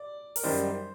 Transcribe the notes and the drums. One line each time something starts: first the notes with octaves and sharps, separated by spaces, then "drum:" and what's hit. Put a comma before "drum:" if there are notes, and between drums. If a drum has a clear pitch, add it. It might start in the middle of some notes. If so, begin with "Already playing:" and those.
Already playing: D5
A#4, drum: open hi-hat
F#2 D#3 G3 C5